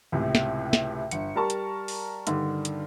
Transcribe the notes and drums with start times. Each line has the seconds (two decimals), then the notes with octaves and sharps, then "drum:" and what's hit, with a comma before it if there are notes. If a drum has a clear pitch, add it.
0.12 C#2 A2 C3
0.35 drum: snare
0.73 drum: snare
1.11 G1 C#7, drum: hi-hat
1.35 G3 A#4 A5 C#6
1.50 drum: hi-hat
1.88 drum: open hi-hat
2.27 G2 D3 D#3, drum: hi-hat
2.65 drum: hi-hat